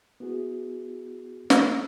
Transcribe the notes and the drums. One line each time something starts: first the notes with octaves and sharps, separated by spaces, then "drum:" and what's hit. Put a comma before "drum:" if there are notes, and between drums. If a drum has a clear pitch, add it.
B3 E4 F#4 G#4
drum: snare